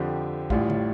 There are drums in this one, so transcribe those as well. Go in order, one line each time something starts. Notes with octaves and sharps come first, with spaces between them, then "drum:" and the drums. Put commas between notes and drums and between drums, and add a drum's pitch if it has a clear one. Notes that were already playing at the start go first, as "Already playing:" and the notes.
Already playing: F2 D3 F3 C4 G4
A1 A2 G3 F4, drum: kick
drum: tom